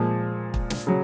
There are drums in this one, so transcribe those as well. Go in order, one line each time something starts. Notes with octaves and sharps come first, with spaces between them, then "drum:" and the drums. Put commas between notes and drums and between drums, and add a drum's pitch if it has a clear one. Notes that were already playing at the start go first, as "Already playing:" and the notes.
Already playing: A#2 F3 G#3
drum: kick
drum: snare
C#3 F#3